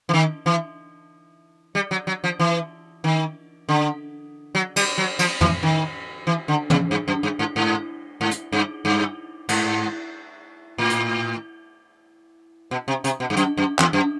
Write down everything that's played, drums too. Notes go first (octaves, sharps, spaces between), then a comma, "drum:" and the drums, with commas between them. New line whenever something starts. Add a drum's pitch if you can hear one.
E3
D#3
E3
G3
F#3
F#3
F3
E3
D#3
D3
F#3
G3, drum: cymbal
F#3
F3, drum: cymbal
E3, drum: tom
D#3
E3
D3
C#3, drum: tom
G2
F#2
G2
G#2
G#2
G#2
drum: hi-hat
G2
G2
G#2, drum: cymbal
A2
drum: hi-hat
B2
C3
C3, drum: hi-hat
B2
G2
F#2, drum: hi-hat
F#2
E2, drum: clap
F#2